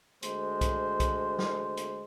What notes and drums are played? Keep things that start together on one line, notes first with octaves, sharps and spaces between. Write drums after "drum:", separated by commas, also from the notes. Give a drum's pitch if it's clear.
D2 G#3 C5, drum: hi-hat
drum: kick B1, hi-hat
drum: kick B1, hi-hat
drum: snare
drum: hi-hat